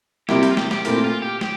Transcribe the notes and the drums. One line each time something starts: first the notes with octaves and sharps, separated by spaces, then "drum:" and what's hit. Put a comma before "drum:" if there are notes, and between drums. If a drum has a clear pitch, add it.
C3 G3 A#3 E4 G4, drum: snare
G4, drum: hi-hat
F4
G4, drum: snare
G4, drum: snare
A#2 A3 C4 E4 G4 A#4, drum: hi-hat
F4
G4
G4, drum: snare